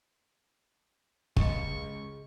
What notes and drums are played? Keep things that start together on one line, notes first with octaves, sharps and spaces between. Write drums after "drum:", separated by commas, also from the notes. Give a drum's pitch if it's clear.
C#2 C#3 G4 D#5 C#6, drum: kick